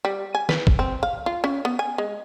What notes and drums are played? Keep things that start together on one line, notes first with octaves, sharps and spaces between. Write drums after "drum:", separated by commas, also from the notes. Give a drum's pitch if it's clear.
G3
G#5
B4, drum: snare
drum: kick
C4
F5
F4
C#4
B3
G#5
G#3